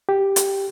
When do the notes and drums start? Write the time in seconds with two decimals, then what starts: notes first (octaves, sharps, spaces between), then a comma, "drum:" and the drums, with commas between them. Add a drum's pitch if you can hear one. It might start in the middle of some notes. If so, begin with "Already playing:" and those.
0.09 G4
0.36 drum: hi-hat